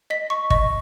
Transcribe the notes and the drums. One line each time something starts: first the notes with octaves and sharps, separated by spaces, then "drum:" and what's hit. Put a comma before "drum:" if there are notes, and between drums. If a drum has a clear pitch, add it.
D#5 B6
C#6
D#5 C#6, drum: kick